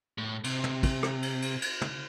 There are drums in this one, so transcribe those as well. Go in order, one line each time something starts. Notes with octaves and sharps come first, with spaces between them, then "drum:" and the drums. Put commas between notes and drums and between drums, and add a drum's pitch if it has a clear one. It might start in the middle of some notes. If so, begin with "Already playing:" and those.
A2
C3, drum: cymbal
drum: tom
drum: kick, cymbal
drum: rim click
drum: cymbal
drum: cymbal
drum: cymbal
drum: tom